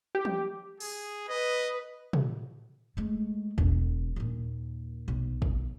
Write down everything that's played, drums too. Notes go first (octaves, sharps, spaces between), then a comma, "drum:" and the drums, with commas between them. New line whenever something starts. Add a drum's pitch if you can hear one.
G4
drum: tom
G#4, drum: open hi-hat
B4 D#5
drum: tom
G#3 A3
E1, drum: kick
D#2 A#2
B1
drum: kick